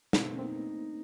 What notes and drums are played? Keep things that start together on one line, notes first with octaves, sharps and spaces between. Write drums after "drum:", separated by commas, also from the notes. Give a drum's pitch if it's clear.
C4 D4 E4, drum: snare
D#4
A3 B3
C#4
A#3 C4 D#4